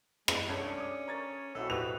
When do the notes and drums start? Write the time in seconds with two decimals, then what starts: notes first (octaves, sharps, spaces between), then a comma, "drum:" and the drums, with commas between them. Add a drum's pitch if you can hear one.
0.28 G#3, drum: rim click
0.48 C2 G2 A3 C#4 D4 A4 G#6
0.78 D6 D#6
1.08 A#4 C#5 A#5 G#6 A6
1.55 B1 C4 E4 F#4 A4
1.70 G4 B4 D#6 F7